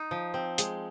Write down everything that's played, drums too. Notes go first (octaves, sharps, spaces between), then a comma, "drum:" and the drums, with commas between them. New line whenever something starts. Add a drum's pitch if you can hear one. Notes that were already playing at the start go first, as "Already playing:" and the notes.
Already playing: D#4
F3
C4
G#3, drum: hi-hat